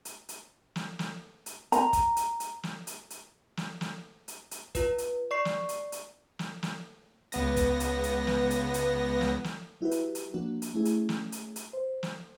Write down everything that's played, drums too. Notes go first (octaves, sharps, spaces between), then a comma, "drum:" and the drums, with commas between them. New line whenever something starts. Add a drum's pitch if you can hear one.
drum: hi-hat
drum: hi-hat
drum: snare
drum: snare
drum: hi-hat
A#5, drum: hi-hat
drum: kick, hi-hat
drum: hi-hat
drum: hi-hat
drum: snare
drum: hi-hat
drum: hi-hat
drum: snare
drum: snare
drum: hi-hat
drum: hi-hat
F4 B4, drum: kick, hi-hat
drum: hi-hat
D5 C#6 C7
drum: snare
drum: hi-hat
drum: hi-hat
drum: snare
drum: snare
C#2 B3 A#6, drum: hi-hat
drum: kick, hi-hat
drum: hi-hat
drum: hi-hat
drum: snare
drum: hi-hat
drum: hi-hat
drum: snare
drum: snare
F#3 E4 F#4 G4 B4
drum: hi-hat
drum: hi-hat
F3 A#3 D4 F#4
drum: hi-hat
A3 C#4 E4 G#4
drum: hi-hat
drum: snare
drum: hi-hat
drum: hi-hat
C5
drum: snare